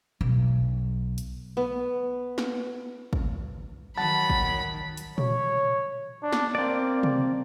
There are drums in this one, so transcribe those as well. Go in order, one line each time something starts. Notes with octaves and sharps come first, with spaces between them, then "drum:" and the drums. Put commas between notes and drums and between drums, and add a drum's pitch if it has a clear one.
B1
drum: hi-hat
B3
drum: snare
drum: kick
D#3 F#3 F#5 A5 B5 A6
drum: kick
drum: hi-hat
C#5, drum: tom A#2
D4
drum: snare
A#3 C4 D5
drum: tom C3